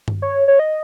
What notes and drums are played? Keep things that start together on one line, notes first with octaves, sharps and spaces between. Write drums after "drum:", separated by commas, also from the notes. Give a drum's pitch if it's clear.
drum: tom G2
C#5
C#5
D#5